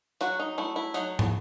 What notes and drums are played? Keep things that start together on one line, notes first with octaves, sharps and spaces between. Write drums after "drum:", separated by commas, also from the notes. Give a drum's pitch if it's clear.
F#3 F#4, drum: hi-hat
D#4
A3 E4
E4
F#3 D#4, drum: hi-hat
drum: tom